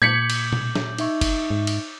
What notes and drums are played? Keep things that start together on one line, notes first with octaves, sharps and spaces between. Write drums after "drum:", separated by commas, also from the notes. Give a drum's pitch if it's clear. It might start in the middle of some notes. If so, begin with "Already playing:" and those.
A#2 D6 G6 G#6 B6 C#7 F#7
drum: cymbal
drum: tom B2
drum: snare
D#4 E5 C#6, drum: cymbal
drum: kick, cymbal
G#2
drum: cymbal